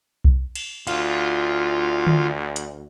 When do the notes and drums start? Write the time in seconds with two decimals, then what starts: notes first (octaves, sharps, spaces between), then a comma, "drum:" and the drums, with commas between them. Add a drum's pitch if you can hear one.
0.24 drum: kick B1
0.55 drum: cymbal
0.87 D2 F4 F5, drum: cymbal
2.07 drum: tom D3
2.56 drum: hi-hat